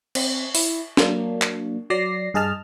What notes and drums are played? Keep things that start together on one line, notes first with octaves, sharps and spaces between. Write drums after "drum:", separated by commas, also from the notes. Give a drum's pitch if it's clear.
C4, drum: cymbal
E4, drum: open hi-hat
F#3 A#3 D4, drum: snare
drum: clap
F#3 D5 A#6 C7
G2 G#4 D#5 A5 F6